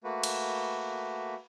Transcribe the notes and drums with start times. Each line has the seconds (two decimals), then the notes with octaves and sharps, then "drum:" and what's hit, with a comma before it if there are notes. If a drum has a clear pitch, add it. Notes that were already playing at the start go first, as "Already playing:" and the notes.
0.04 A3 A#3 F#4 B4
0.24 drum: cymbal